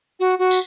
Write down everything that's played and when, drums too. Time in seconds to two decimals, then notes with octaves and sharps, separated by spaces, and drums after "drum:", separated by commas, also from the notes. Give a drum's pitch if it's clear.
0.20 F#4
0.39 F#4
0.51 drum: tambourine